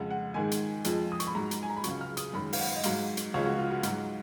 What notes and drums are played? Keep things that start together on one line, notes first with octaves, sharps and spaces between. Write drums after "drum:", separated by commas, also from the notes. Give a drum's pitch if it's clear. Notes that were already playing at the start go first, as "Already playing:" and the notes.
Already playing: F2 C#3 G#3 F#5
F#5
G#2 D#3 G#3 G#5
drum: hi-hat
F2 F3 G#3, drum: hi-hat
D#6
C#6, drum: hi-hat
B5
G#2 F#3 A#5
drum: hi-hat
G#5
A#5
B5
C#2 C#3 F#3 C#6, drum: hi-hat
F6
D#6, drum: hi-hat
F#2 D#3 G#3 B5
F5, drum: open hi-hat
F#5
D#5
G#2 F#3 F5, drum: hi-hat
drum: hi-hat
C#2 C#3 F3 G#3 C#5
F#4
F4
F#4
G#2 F#3, drum: hi-hat